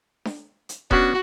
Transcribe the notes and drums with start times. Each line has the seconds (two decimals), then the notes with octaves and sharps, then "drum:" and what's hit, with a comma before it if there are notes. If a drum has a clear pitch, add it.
0.25 drum: snare D4
0.69 drum: hi-hat
0.91 B3 C#4 D4 F#4, drum: kick E1